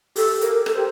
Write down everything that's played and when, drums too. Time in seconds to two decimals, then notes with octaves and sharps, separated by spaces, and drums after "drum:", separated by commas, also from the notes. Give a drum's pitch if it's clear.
0.16 G4 A4, drum: open hi-hat
0.33 A4
0.41 A#4, drum: hi-hat
0.49 A4
0.66 A4 A#4, drum: rim click
0.75 G4 C5